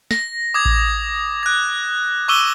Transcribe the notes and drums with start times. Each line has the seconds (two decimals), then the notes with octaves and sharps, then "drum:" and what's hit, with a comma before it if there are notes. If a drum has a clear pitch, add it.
0.11 A#6, drum: snare
0.54 D6 D#6 G#6
0.65 drum: kick A1
1.43 F#6 G#6
2.28 C#6 D6 E6 D#7 G7